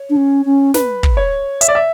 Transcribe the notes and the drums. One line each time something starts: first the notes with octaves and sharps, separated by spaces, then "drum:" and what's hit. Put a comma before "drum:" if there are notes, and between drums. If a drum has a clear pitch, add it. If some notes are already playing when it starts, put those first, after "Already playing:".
Already playing: C#5
D4
C#4
C#4
B4, drum: snare
drum: kick
C#5
E5, drum: hi-hat
D5
E5